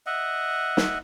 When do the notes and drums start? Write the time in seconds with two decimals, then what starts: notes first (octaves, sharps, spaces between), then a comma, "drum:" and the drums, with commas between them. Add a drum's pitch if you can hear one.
0.06 D#5 E5 F#5
0.77 drum: snare